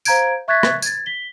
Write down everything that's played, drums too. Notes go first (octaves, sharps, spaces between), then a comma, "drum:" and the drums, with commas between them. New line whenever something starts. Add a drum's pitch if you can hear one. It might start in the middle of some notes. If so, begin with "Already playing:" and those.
C5 F5 A#5 G6 G#6 D7, drum: tambourine
E5 C#6 F#6 G#6 A6 B6
drum: rim click
G#6 A6, drum: tambourine
B6 G7